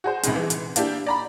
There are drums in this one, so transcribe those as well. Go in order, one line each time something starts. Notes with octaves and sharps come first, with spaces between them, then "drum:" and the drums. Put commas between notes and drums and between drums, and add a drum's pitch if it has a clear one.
F#4 G#4 C5
C#2 C3 D#3 G#3, drum: hi-hat
E3 G#3
drum: hi-hat
A#3 D4 E4 G4, drum: hi-hat
D5 A#5 B5